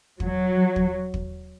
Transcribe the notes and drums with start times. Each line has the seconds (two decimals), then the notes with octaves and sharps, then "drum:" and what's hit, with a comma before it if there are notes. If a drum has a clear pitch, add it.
0.20 F#3, drum: kick
0.76 drum: kick
1.14 drum: kick